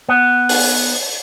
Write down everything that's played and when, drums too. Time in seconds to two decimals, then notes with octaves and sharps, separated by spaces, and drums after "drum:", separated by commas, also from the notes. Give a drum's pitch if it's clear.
0.09 B3
0.49 drum: open hi-hat